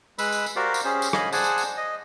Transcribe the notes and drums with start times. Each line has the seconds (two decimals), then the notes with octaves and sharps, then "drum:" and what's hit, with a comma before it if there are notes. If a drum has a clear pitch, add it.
0.19 G#3 B4 B5 E6, drum: tambourine
0.32 drum: tambourine
0.46 drum: tambourine
0.56 F#4 G4 A#4 C5 D5 F5
0.74 drum: tambourine
0.85 C#4 G4 G#4 C5
1.02 drum: tambourine
1.13 D#5 F5 G#5 B5, drum: rim click
1.33 G#4 C5 D5 F#5 G#5 A5, drum: tambourine
1.44 drum: tambourine
1.58 drum: tambourine
1.77 D#5